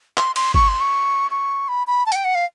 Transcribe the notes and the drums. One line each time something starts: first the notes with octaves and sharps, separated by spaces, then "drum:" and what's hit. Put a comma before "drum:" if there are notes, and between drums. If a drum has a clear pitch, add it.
C6, drum: clap
C6, drum: cymbal
C#6, drum: kick
C6
C#6
C#6
B5
B5
A5
F#5, drum: hi-hat
G5
F#5
F5